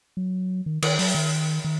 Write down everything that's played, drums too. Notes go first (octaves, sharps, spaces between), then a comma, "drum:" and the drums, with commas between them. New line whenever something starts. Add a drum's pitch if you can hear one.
F#3
D#3
D#3, drum: cymbal
F#3, drum: open hi-hat
D#3
D#3